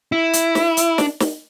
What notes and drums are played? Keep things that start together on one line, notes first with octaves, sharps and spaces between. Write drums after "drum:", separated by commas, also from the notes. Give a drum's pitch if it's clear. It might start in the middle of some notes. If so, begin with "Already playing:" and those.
E4
drum: hi-hat
drum: snare
drum: hi-hat
D4, drum: snare
drum: snare